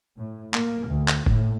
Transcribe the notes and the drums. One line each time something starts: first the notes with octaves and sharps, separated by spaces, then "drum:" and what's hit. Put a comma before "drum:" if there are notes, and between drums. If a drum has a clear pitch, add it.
A2
A#3, drum: clap
D2
drum: clap
A2, drum: kick F1